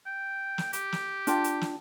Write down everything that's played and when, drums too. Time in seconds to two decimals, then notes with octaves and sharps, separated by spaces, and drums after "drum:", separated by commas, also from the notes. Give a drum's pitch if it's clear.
0.06 G5
0.58 drum: snare
0.73 G4, drum: hi-hat
0.92 drum: snare
1.27 D4 F4 G5, drum: hi-hat
1.44 drum: hi-hat
1.61 drum: snare